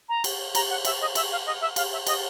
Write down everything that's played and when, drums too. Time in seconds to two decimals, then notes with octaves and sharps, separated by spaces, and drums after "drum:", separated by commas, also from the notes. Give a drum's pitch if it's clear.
0.09 A#5
0.24 drum: cymbal
0.55 A#5, drum: cymbal
0.70 F#5
0.85 E5, drum: cymbal
1.01 D#5
1.15 E5, drum: cymbal
1.31 F5
1.46 D#5
1.61 E5
1.76 F5, drum: cymbal
1.92 E5
2.07 D#5, drum: cymbal